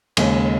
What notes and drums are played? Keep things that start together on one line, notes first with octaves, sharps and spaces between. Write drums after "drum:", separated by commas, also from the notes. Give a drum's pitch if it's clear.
D#2 C#3 G#3, drum: cymbal